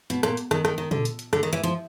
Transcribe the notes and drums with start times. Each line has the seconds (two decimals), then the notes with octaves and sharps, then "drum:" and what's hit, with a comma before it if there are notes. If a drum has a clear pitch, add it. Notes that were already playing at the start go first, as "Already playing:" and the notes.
0.10 B2, drum: hi-hat
0.23 A#2, drum: rim click
0.37 drum: hi-hat
0.51 D#3, drum: rim click
0.65 D#3, drum: rim click
0.78 D#3
0.91 D3, drum: tom A#2
1.05 drum: hi-hat
1.19 drum: hi-hat
1.33 D3, drum: rim click
1.43 D#3
1.53 E3
1.63 F3